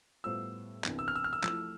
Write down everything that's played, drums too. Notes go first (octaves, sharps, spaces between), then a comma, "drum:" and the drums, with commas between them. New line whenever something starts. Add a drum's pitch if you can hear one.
A2 G3 B3 F4 C5 E6
C2 C3 E3 B3 D4, drum: clap
E6
F6
E6
F6
E6
F3 A3 E4 E6, drum: clap